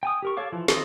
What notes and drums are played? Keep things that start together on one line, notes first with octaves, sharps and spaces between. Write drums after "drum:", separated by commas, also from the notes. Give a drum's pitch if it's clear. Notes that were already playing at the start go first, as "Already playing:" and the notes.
G5 G#5 D#6
G4 A#4 C#6
A4 C#5 F5 D6
E3 F3
D#3 C4 F4 D#5, drum: snare